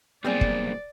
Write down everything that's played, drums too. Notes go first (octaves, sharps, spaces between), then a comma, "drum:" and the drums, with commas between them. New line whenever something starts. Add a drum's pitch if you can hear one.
B1 A#2 G3 C4 G#4 D5
drum: kick